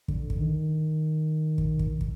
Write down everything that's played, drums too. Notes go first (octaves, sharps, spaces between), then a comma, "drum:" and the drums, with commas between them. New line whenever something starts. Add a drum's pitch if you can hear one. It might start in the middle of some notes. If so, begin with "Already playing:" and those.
D3, drum: kick
drum: kick
D#3
drum: kick
drum: kick
drum: kick